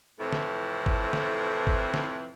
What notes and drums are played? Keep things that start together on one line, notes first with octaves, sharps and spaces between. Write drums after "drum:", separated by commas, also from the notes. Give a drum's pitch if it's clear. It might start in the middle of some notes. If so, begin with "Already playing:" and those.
F2 A2 C3 E3
drum: snare
drum: kick
drum: snare
drum: kick
drum: snare